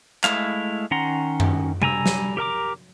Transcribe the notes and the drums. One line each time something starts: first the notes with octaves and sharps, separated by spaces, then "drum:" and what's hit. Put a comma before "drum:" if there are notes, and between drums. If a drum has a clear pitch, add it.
G#3 A3 E4 F5, drum: clap
D#3 C#4 F#5 A#5 C6
drum: tom F#2
G3 G#5 A#5 E6, drum: tom C3
drum: snare
G4 A#4 A#5 D6